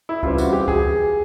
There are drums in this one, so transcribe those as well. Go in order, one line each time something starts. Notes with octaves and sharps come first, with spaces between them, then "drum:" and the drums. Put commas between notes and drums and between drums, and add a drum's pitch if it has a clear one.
E4
C#3 E3 G3 C4 F4, drum: kick C#2
F#4, drum: tambourine
G4
G#4, drum: kick C#2